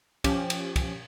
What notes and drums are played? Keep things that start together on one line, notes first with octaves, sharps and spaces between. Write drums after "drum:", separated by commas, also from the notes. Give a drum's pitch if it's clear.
F3 C#4 G4, drum: kick, cymbal
drum: cymbal
drum: kick, cymbal